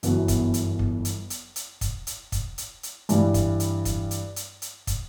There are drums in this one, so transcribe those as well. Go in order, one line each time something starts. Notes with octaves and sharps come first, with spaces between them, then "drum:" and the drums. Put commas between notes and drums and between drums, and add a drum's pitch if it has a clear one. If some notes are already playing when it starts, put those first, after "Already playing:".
G1 F#2 E3 B3 F#4, drum: hi-hat
drum: kick, hi-hat
drum: hi-hat
drum: kick
drum: hi-hat
drum: hi-hat
drum: hi-hat
drum: kick, hi-hat
drum: hi-hat
drum: kick, hi-hat
drum: hi-hat
drum: hi-hat
G2 E3 G3, drum: hi-hat
drum: kick, hi-hat
drum: hi-hat
drum: kick, hi-hat
drum: hi-hat
drum: hi-hat
drum: hi-hat
drum: kick, hi-hat